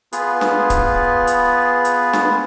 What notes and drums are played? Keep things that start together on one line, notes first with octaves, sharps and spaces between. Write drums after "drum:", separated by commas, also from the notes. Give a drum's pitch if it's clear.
B3 F4 G#4 B4, drum: hi-hat
drum: snare D4
drum: kick C#1, hi-hat
drum: hi-hat
drum: hi-hat
drum: snare D4